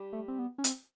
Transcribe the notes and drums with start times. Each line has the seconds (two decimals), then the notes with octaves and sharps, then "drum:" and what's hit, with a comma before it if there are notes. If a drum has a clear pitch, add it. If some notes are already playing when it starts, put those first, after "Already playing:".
Already playing: G3 D4 G4
0.13 A3
0.28 C4
0.39 B3
0.58 C#4
0.64 C4, drum: hi-hat